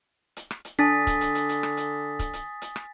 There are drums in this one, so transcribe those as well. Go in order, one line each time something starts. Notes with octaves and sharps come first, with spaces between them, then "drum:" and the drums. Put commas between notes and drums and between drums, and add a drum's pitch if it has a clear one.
drum: hi-hat
drum: rim click
drum: hi-hat
D3 D4 G#5 D#6 A6 B6
drum: kick C#1, hi-hat
drum: hi-hat
drum: hi-hat
drum: hi-hat
drum: rim click
drum: hi-hat
drum: kick C#1, hi-hat
drum: hi-hat
drum: hi-hat
drum: rim click